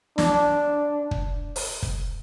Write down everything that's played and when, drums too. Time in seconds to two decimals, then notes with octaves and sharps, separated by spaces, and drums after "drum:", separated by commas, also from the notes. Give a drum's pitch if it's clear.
0.18 D4, drum: snare
1.11 drum: kick
1.56 drum: open hi-hat
1.82 drum: kick